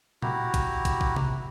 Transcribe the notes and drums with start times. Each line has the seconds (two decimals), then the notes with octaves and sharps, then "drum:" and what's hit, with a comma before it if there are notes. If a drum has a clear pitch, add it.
0.22 E4 F#4 G4 A#5, drum: tom A#2
0.54 drum: kick, hi-hat
0.85 drum: kick, hi-hat
1.01 drum: kick
1.16 drum: tom C3